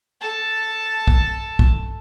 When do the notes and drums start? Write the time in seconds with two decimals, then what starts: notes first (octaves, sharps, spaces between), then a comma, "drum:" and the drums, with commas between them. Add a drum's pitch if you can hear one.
0.21 A4 A5
1.07 drum: kick
1.59 drum: kick